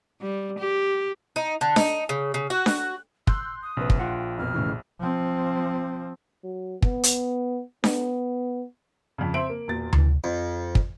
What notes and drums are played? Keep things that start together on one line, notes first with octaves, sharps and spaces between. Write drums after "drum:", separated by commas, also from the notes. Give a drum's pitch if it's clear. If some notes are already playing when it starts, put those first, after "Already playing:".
G3
G4
D#4
D3
D#4, drum: snare D4
C#3
C#3
F#4
drum: snare D4
C6 E6 F#6 G6, drum: kick
D#6
A#1 C3 B4
drum: kick
F4 F#5 G5
F2 B2 F6
A2 C#3 E3
F3 C4
F#3
B3, drum: kick
drum: hi-hat
B3, drum: snare D4
F2 C#3
C4 E5 C6 D7 F#7
A#3
E1 A#2 A6
E3, drum: tom D2
F2
drum: kick